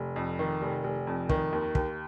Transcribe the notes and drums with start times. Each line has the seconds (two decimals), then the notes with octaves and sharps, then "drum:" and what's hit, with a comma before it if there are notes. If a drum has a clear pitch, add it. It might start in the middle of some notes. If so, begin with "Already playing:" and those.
Already playing: F1
0.16 F2
0.39 D#3
0.61 F1
0.84 F1
1.07 F2
1.29 D#3, drum: kick
1.53 D#2
1.75 D#2, drum: kick